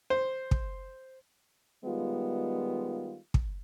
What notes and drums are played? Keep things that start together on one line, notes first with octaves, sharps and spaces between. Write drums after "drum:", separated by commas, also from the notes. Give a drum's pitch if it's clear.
C5
drum: kick
D#3 G3 G#3 B3 F4
drum: kick